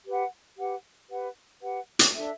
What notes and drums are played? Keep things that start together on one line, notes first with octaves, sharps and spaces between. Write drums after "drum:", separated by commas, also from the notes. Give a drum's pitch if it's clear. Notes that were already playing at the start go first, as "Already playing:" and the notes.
G4 B4 F#5
G4 B4 F#5
G4 B4 F#5
G4 B4 F#5
drum: hi-hat
D4 A4 E5